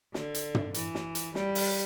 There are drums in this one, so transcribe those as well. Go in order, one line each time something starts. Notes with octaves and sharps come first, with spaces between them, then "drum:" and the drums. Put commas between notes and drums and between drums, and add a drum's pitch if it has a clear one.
D3, drum: snare
drum: hi-hat
drum: tom
E3, drum: hi-hat
drum: snare
drum: hi-hat
G3, drum: snare
drum: open hi-hat